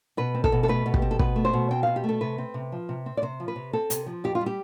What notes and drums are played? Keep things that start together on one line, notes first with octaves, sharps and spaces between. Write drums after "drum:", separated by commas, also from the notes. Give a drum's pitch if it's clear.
B2 B4
C4
A4, drum: kick
B2
A4
A3 B4
B2
G4, drum: kick
C4
A4
B2 B4, drum: kick
A3
C5
B2
C4 G5
B2 F5
G4
A3
A4
C3 B4
C4
C3
F3
C3
C4
D5
C3 C5
F3
B4
C3
C4 A4
C3, drum: hi-hat
F3
F2 G4
F4
G3
G4